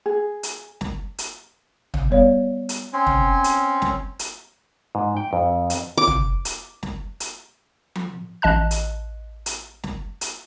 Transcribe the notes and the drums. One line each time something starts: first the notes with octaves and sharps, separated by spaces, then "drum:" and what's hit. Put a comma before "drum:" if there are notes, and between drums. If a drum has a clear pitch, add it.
G#4
drum: hi-hat
drum: snare
drum: hi-hat
drum: tom
G3 B3 C#5 D5 F5
drum: hi-hat
C4 C#4
drum: tom
drum: hi-hat
drum: snare
drum: hi-hat
G#2
G5
F2
drum: hi-hat
D6
drum: tom
drum: hi-hat
drum: snare
drum: hi-hat
drum: tom F3
A1 D#5 A5 F#6
drum: hi-hat
drum: hi-hat
drum: snare
drum: hi-hat